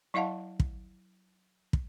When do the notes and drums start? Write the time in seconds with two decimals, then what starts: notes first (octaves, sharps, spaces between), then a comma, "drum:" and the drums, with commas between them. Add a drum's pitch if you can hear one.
0.14 F#3 E4 D#5 F5 F#5 A5
0.60 drum: kick
1.73 drum: kick